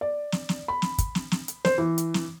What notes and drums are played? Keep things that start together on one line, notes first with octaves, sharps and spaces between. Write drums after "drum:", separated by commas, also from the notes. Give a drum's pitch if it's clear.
D5
drum: snare
drum: snare
B5
drum: snare
drum: kick, hi-hat
drum: snare
drum: snare
drum: hi-hat
C5, drum: snare
E3
drum: hi-hat
drum: snare